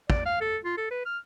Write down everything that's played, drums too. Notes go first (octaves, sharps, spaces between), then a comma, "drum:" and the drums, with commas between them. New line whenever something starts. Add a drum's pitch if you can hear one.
D5, drum: kick
F5
A4
F4
A4
B4
F6